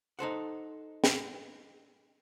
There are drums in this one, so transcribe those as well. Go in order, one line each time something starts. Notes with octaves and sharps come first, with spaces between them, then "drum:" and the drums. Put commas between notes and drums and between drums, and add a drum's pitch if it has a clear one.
D#4 A4 C5 F#5
drum: snare